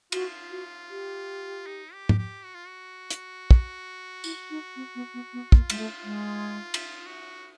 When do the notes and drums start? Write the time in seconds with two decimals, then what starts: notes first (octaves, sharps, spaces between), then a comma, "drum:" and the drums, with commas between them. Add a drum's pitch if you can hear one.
0.12 F4 F#4, drum: cymbal
0.51 F#4
0.90 G4
1.67 D#4
1.93 G4
2.09 drum: tom
2.18 G4
2.44 F#4
2.55 F4
2.67 F#4
3.11 drum: hi-hat
3.51 drum: kick
4.24 E4, drum: tambourine
4.50 D#4
4.76 C4
4.95 B3
5.14 B3
5.33 B3
5.52 A#3 F4, drum: kick
5.70 G#3, drum: cymbal
5.78 A3
6.04 G#3
6.74 drum: cymbal
7.06 F#4